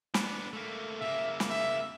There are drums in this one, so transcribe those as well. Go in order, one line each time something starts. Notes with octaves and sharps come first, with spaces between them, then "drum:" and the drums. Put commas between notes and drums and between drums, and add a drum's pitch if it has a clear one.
B3 D4, drum: snare
A3 A#3
C#3 A#3 E5
drum: snare
E5